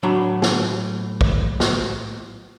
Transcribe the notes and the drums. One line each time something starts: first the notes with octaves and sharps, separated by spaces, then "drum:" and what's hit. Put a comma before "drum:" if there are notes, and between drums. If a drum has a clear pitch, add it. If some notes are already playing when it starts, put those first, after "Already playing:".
A2 F#3 D4 A#5 B5
drum: snare
drum: kick
drum: snare